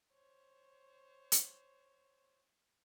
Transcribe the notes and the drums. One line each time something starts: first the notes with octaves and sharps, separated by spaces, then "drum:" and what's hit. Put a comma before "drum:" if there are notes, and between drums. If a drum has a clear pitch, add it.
C5 C#5
drum: hi-hat